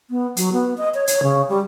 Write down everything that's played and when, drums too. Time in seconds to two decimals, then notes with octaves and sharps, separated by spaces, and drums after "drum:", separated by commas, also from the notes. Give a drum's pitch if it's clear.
0.10 B3
0.37 F#3, drum: hi-hat
0.52 B3
0.78 D#5
0.94 C#5
1.07 C#5, drum: hi-hat
1.23 C#3
1.49 G3